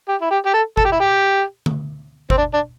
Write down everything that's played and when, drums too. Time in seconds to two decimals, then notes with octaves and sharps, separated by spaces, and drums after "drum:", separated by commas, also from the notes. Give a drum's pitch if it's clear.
0.08 G4
0.21 E4
0.31 G4
0.46 G4
0.53 A4
0.77 A4, drum: kick G1
0.85 G4
0.92 E4
1.00 G4
1.66 drum: tom D3
2.30 C4, drum: kick G1
2.38 D4
2.54 D4